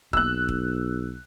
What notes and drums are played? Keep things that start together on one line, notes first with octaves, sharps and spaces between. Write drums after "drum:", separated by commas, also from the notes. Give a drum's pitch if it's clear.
B1 E6 F#6, drum: kick
drum: kick